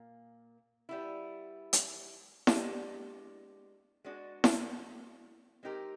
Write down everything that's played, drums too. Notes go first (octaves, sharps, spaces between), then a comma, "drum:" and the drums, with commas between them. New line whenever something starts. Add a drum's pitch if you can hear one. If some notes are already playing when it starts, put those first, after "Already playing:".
Already playing: A#2 A#3
G3 B3 E4
drum: hi-hat
G#3 B3 D4 G4, drum: snare E4
G#3 B3 D4 F#4
drum: snare E4
G#3 C4 D#4 G4 A#4